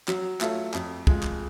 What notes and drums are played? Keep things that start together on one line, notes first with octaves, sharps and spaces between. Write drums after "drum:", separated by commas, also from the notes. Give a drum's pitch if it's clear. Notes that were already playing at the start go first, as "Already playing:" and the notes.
F#3, drum: clap
A3 F4 A4 C#5, drum: clap
F2, drum: clap
F3 G#3, drum: kick
drum: clap